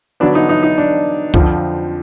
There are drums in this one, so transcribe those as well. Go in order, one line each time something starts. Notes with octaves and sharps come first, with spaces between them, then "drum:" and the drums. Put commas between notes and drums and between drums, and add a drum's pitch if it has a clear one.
D3 F#3 B3 D4
D#4
D#4
D#4
D4
F2 D3 F3, drum: kick